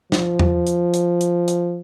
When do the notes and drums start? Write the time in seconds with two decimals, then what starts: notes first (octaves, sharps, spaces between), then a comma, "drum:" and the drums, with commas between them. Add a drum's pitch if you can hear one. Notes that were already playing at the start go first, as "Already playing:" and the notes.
0.12 F3, drum: snare
0.39 drum: tom E2
0.67 drum: hi-hat
0.94 drum: hi-hat
1.21 drum: hi-hat
1.48 drum: hi-hat